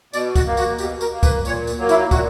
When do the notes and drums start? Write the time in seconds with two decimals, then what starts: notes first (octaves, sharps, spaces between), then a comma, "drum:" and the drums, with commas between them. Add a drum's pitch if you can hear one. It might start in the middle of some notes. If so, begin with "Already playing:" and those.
0.13 B2 D5, drum: tambourine
0.36 F#4, drum: kick, tambourine
0.47 A#3
0.57 F#4, drum: tambourine
0.78 B2 G4, drum: tambourine
1.01 A#4, drum: tambourine
1.13 A#3
1.23 B4, drum: kick, tambourine
1.45 A#2 C#5, drum: tambourine
1.67 drum: tambourine
1.78 F#3 A#3
1.89 E4, drum: tambourine
2.11 A#2 F#4, drum: kick, tambourine